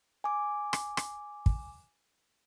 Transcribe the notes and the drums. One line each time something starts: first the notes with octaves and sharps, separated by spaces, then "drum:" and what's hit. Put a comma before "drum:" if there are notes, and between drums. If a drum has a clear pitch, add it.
G#5 D6
drum: rim click
drum: rim click
drum: kick